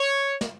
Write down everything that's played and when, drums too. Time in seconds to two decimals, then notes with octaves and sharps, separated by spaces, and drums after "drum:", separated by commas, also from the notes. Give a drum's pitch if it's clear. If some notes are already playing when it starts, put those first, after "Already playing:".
Already playing: C#5
0.41 drum: snare